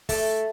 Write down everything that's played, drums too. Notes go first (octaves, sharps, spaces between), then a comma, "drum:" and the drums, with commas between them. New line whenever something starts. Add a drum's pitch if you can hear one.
A3, drum: kick, open hi-hat